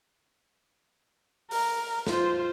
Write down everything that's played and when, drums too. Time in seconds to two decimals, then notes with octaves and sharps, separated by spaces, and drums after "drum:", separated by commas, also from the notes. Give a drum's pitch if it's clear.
1.51 A#4, drum: open hi-hat
2.07 F4 C5, drum: snare